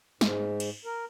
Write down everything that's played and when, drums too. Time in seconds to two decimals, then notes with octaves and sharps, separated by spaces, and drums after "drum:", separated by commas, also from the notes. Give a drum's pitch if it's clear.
0.21 G#2, drum: snare
0.60 drum: cymbal
0.85 A#4